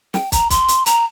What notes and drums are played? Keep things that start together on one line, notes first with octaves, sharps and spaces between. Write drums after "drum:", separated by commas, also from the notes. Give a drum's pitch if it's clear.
G5, drum: snare
A#5, drum: kick, hi-hat
C6, drum: kick, hi-hat
drum: hi-hat
A#5, drum: hi-hat